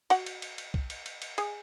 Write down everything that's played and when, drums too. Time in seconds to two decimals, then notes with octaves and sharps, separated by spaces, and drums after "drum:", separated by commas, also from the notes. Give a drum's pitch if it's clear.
0.10 F#4 F#5, drum: cymbal
0.26 drum: cymbal
0.42 drum: cymbal
0.58 drum: cymbal
0.74 drum: kick C2
0.90 drum: cymbal
1.06 drum: cymbal
1.22 drum: cymbal
1.38 G#4 G#5, drum: cymbal